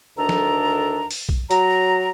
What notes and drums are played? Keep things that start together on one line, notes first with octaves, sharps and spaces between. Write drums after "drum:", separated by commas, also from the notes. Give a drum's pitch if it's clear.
D2 D#3 D4 A4 A#5
drum: snare
drum: open hi-hat
drum: kick B1
F#3 A#5, drum: hi-hat